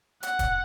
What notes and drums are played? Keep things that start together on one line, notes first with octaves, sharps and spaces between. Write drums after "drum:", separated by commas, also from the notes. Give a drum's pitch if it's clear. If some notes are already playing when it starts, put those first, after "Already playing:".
F#5, drum: hi-hat
drum: kick, hi-hat